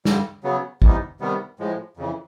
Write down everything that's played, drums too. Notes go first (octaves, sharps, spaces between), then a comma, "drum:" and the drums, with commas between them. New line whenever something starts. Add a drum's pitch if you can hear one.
G2 D3 G3, drum: snare
C#3 F#3 B3
C3 E3 G3 B3 D#4, drum: kick
C3 D#3 G3 B3
A2 F3 G#3
F2 C#3 E3